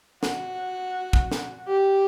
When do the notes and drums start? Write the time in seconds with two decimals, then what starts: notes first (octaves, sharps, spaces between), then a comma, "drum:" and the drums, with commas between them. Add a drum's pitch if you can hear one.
0.23 F#4, drum: snare
1.13 drum: kick
1.31 drum: snare
1.68 G4